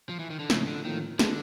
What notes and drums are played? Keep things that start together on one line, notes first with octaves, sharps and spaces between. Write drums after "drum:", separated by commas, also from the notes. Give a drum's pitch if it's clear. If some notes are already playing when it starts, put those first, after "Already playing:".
F3
E3
D#3
D3
A2 C#3 F3 A#3, drum: snare
D3
A2 D#3 F3 A#3
D3 F#3 B3 D#4 G#4, drum: snare